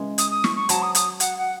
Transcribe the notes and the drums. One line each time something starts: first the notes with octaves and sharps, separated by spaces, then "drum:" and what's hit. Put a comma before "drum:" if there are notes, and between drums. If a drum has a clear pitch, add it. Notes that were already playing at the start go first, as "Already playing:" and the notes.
Already playing: C#3 E3 G#3
D#6, drum: hi-hat
D#6
C#6, drum: snare
C#6
F#3 A5, drum: hi-hat
D#6
D#6, drum: hi-hat
F#5, drum: hi-hat
F#5